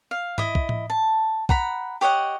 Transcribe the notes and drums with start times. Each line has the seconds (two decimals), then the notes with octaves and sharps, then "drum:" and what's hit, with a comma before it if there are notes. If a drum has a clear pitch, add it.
0.11 F5
0.38 E4 D#5, drum: tom G#2
0.55 drum: kick
0.69 drum: tom A2
0.90 A5
1.49 F#5 A#5 B5, drum: kick
2.01 G4 C#5 D#5 F#5